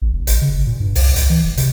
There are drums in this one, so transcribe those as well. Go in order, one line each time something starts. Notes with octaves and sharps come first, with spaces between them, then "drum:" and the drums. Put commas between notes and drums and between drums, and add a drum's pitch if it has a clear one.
A1
F1
A1, drum: hi-hat
C#3
F#1
A#2
G2
C2, drum: open hi-hat
C#2, drum: hi-hat
E3
F1
C3, drum: hi-hat